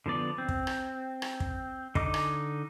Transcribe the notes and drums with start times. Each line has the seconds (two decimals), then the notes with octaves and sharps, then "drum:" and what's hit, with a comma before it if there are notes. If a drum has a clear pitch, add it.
0.06 D3 F3 B3 D5
0.38 C4
0.49 drum: kick
0.67 drum: rim click
1.22 drum: rim click
1.40 drum: kick
1.95 D3 D#4 D#5 D6, drum: kick
2.14 drum: rim click